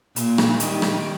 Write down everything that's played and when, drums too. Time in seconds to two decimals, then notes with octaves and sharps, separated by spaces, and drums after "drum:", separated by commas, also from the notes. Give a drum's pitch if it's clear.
0.16 A#2, drum: hi-hat
0.38 drum: rim click
0.60 D#3 G3, drum: hi-hat
0.82 drum: rim click